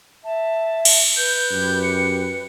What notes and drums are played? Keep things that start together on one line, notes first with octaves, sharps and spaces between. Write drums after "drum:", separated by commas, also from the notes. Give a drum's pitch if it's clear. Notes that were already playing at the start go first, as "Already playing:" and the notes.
E5 A5
drum: cymbal
B4 G6
F#2 G4
C#7